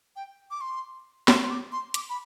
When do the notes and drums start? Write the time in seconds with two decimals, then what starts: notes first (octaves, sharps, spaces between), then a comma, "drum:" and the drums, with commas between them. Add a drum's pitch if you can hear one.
0.16 G5
0.51 D6
0.61 C6
1.28 C6, drum: snare
1.43 C6
1.51 D6
1.72 C6
1.94 D6, drum: hi-hat
2.09 B5